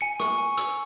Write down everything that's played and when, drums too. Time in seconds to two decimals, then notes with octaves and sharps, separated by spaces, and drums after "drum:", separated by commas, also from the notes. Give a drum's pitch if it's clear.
0.01 G#5 C#7
0.20 C#6, drum: rim click
0.38 G#5
0.58 E6, drum: hi-hat